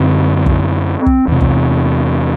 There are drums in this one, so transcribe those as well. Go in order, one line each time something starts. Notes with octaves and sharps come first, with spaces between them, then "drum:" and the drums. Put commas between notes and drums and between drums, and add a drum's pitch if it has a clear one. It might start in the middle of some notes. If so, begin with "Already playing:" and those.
Already playing: F#2 D3 C4
drum: kick
drum: kick
E2 C3
drum: kick